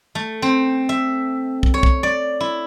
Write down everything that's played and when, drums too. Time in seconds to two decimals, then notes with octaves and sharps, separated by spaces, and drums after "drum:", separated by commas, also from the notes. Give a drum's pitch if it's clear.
0.15 A3
0.42 C4
0.89 E5
1.63 drum: kick
1.74 C#5
1.83 drum: kick
2.03 D5
2.40 E4